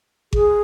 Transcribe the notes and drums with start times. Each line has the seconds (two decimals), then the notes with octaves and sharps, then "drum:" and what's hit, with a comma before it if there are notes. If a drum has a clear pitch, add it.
0.33 G#4, drum: kick G#1